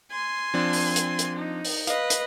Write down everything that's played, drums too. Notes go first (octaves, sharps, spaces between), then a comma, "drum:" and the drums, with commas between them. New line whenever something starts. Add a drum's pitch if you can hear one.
G#5 C6
F3 C4 D4
drum: open hi-hat
drum: hi-hat
drum: hi-hat
D#4
drum: open hi-hat
B4 D#5 F5, drum: hi-hat
drum: hi-hat